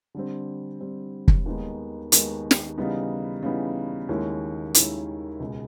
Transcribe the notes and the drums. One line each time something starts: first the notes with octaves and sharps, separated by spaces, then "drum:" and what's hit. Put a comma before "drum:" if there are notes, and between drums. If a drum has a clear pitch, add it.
D3 G3 C4
D3 G3 C4
drum: kick
D#2 D#3 G#3 B3 D#4
D#2 D#3 G#3 B3 D#4, drum: hi-hat
drum: snare
C#3 E3 G3 B3 D#4
C#3 E3 G3 B3 D#4
D#2 D#3 G#3 C#4 E4
D#2 D#3 G#3 C#4 E4, drum: hi-hat
C#2 B2 G#3